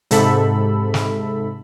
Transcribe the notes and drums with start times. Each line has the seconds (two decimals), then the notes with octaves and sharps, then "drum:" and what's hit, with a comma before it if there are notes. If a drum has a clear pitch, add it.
0.11 G#2 C3 A4 E5 B5, drum: hi-hat
0.94 drum: snare